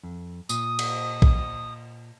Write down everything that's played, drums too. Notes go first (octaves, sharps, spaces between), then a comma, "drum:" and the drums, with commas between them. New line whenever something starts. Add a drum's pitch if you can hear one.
F2
A#2 D#6, drum: tambourine
drum: cymbal
drum: kick A#1